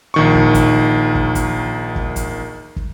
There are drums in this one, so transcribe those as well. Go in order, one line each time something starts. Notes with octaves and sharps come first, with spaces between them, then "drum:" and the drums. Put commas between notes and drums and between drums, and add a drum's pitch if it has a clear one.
A#1 D#3 C#6
drum: kick
drum: kick, hi-hat
drum: kick
drum: kick, hi-hat
drum: kick
drum: kick, hi-hat
drum: kick